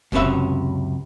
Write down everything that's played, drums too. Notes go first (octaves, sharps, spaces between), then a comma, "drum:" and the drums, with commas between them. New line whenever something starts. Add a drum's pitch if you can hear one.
C#2 F#2 C3 C#4 B4 E5, drum: kick